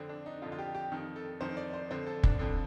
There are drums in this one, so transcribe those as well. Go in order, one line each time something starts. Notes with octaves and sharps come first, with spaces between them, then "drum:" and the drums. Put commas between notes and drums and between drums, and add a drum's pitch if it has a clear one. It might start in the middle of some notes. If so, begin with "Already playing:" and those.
Already playing: F2 D3 C4
D4
D#4
F2 D3 F4
F4
G4
G4
F2 D#3
A4
F2 D#3 C5
D5
C5
F2 D3 C5
A4
D4, drum: kick
F2 D3